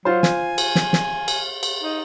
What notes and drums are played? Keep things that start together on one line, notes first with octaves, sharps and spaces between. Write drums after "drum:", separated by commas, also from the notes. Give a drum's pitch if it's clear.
F#3 F4 C5
G#5, drum: snare
drum: cymbal
drum: snare
drum: snare
drum: cymbal
drum: cymbal
D#4